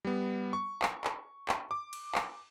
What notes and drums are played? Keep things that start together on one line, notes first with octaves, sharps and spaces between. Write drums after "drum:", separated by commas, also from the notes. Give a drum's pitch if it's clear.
G3 B3
C#6
drum: clap
drum: clap
drum: clap
D6
drum: cymbal
drum: clap